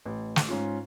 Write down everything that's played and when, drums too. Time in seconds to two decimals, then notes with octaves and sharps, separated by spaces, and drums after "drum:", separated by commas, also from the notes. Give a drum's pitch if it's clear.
0.05 A1
0.36 drum: snare
0.48 G#2 C#4 F4